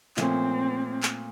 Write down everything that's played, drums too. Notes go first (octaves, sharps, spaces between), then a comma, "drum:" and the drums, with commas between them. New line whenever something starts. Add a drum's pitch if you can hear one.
A#2 F3 A3 C4 C#4, drum: clap
drum: clap